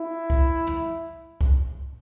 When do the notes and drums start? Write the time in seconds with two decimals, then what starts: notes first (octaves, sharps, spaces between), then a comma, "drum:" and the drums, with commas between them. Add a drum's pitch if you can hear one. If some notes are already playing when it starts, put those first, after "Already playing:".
Already playing: E4
0.30 drum: kick C2
0.67 drum: tom
1.41 drum: kick C2